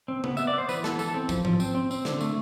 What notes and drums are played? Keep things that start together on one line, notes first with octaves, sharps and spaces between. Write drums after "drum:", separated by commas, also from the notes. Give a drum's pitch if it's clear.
C4
B3, drum: tom C#3
B3 E5, drum: tambourine
D5
B3 C5
E3 B4, drum: tambourine
B3 A4, drum: snare
E3 A4, drum: tambourine
C4
F3, drum: kick, tambourine
F3, drum: tom G#2
C4, drum: tambourine
C4
C4, drum: tambourine
D3, drum: snare
A3, drum: tambourine